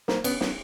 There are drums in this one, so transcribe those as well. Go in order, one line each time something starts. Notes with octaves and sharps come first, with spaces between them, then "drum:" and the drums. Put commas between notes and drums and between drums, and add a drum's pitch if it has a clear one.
A#3 C4, drum: snare
B3 C#4, drum: cymbal
B3 C#4, drum: snare